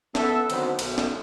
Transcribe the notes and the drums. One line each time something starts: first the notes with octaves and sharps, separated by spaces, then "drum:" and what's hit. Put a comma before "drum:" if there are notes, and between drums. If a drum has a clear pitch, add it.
B3 A4 E5, drum: snare
D2 D3 D#3 F#3 B3 C4, drum: cymbal
B1, drum: cymbal
drum: snare